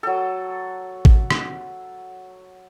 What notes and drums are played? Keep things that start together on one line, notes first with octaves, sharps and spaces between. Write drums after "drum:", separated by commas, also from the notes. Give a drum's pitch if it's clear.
F#3 A4
drum: kick G#1
drum: rim click